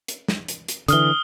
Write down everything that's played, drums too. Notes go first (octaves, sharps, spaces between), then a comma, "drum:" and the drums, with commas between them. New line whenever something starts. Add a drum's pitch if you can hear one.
drum: hi-hat
drum: snare
drum: hi-hat
drum: hi-hat
D3 E3 D#6 F6 G7, drum: hi-hat